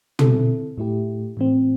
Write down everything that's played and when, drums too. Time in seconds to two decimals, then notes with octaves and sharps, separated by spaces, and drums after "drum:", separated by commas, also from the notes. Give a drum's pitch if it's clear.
0.19 D3 C4 E4 A4, drum: tom
0.78 A2 A3 E4 G4
1.37 A2 E3 C4